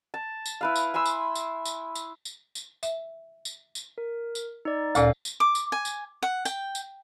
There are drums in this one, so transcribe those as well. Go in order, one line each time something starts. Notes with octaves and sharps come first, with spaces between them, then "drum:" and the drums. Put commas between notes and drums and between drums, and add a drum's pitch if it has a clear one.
A5
drum: tambourine
E4 B4 F5
drum: tambourine
G#5 B5 C6 E6
drum: tambourine
drum: tambourine
drum: tambourine
drum: tambourine
drum: tambourine
drum: tambourine
E5, drum: tambourine
drum: tambourine
drum: tambourine
A#4
drum: tambourine
D#4 D5
D2 A#2 C#4 A4 D5 F5, drum: tambourine
drum: tambourine
D6
drum: tambourine
G#5
drum: tambourine
F#5
G5, drum: tambourine
drum: tambourine